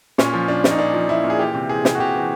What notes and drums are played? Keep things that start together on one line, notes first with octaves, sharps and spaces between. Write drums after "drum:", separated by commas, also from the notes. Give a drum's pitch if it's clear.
A#2 C#4, drum: snare
F3
A#2 D4
A#2, drum: snare
D#4
A#2 D4
F3
F3 E4
A#2
G#4
E3 G4
C3
E3 G#4
C3, drum: snare
F#4
C3 G4
E3